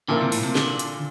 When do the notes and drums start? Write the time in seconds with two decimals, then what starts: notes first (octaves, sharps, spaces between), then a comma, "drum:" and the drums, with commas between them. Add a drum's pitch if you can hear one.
0.08 A#2 D3 F3 A#3 E4 A#4
0.21 C3
0.32 A2, drum: open hi-hat
0.45 C3
0.55 D3, drum: snare
0.79 drum: hi-hat